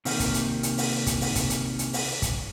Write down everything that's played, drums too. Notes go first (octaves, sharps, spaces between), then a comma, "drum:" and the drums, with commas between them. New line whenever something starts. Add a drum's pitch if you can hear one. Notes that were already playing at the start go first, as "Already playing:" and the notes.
C3 D#3 A#3, drum: open hi-hat
drum: kick, hi-hat
drum: hi-hat
drum: hi-hat
drum: open hi-hat
drum: kick, hi-hat
drum: open hi-hat
drum: kick, hi-hat
drum: hi-hat
drum: hi-hat
drum: open hi-hat
drum: kick, hi-hat